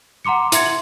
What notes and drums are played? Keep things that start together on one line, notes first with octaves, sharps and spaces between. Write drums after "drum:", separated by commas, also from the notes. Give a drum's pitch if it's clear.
F#5 A#5 C6 D6 C#7
E4 E5 C6 G#6 C#7, drum: hi-hat
F#7